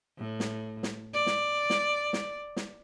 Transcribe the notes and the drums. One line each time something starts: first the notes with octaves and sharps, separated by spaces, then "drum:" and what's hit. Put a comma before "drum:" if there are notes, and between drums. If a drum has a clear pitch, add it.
A2
drum: snare
drum: snare
D5
drum: snare
drum: snare
drum: snare
drum: snare